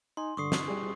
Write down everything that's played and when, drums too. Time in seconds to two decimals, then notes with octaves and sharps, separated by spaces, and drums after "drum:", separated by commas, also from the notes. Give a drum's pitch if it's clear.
0.17 D#4 G#5 C6
0.37 G2 D3 C#6 D#6 C7
0.52 drum: snare
0.68 G3 G#4